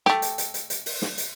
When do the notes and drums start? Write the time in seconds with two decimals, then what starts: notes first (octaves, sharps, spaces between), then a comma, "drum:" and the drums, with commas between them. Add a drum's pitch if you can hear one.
0.06 A3 G4, drum: snare
0.22 drum: hi-hat
0.38 drum: hi-hat
0.54 drum: hi-hat
0.70 drum: hi-hat
0.86 drum: open hi-hat
1.02 drum: snare
1.18 drum: hi-hat